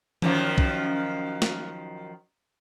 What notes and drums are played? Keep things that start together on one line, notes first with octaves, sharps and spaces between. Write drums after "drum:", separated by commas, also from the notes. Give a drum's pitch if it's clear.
F#2 D#3 F3, drum: tom E3
drum: kick
drum: snare